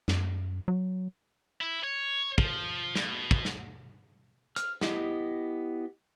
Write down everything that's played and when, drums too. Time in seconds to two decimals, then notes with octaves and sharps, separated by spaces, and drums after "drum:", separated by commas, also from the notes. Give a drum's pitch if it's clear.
0.08 F#2, drum: snare
0.68 F#3
1.61 E4
1.84 C#5
2.38 F3, drum: kick
2.96 B2, drum: snare
3.31 drum: kick
3.45 drum: snare
4.56 F6, drum: hi-hat
4.81 B3 E4 G4 D#5, drum: snare